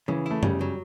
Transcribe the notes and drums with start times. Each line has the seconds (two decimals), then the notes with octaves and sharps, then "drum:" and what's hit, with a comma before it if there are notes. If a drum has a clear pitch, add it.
0.08 C#3 E3
0.26 A3 E4
0.43 C#3 G3, drum: tom F#2
0.61 F#3